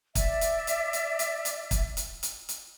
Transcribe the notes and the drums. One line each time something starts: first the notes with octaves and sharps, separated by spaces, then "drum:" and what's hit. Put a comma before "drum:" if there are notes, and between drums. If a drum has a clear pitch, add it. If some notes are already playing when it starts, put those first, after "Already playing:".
D5 E5, drum: kick, hi-hat
drum: hi-hat
drum: hi-hat
drum: hi-hat
drum: hi-hat
drum: hi-hat
drum: kick, hi-hat
drum: hi-hat
drum: hi-hat
drum: hi-hat